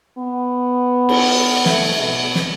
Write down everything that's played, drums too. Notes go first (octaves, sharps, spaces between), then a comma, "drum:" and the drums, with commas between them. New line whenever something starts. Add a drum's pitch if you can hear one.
B3
drum: cymbal
A3, drum: snare
B2
drum: snare